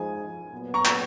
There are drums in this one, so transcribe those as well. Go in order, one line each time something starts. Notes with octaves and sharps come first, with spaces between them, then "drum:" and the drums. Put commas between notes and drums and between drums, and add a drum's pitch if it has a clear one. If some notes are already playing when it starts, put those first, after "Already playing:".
Already playing: F3 G#3 D#4 G#4 G#5
A#2 F#3 B3
A#5 C#6
drum: clap